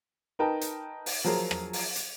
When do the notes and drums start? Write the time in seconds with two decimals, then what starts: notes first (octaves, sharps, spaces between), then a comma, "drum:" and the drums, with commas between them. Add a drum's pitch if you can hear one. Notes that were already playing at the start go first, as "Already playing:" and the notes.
0.39 D#4 A#4 B4 G5 A5
0.61 drum: hi-hat
1.06 drum: open hi-hat
1.24 F3 F#3 G#4 A#4
1.51 drum: rim click
1.73 drum: open hi-hat
1.96 drum: hi-hat